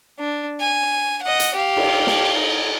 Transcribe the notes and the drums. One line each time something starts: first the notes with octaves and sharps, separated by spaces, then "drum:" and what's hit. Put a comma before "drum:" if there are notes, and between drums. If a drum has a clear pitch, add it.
D4
G#5
D#5 F#5
drum: hi-hat
G4 F5
drum: cymbal
drum: snare
D#4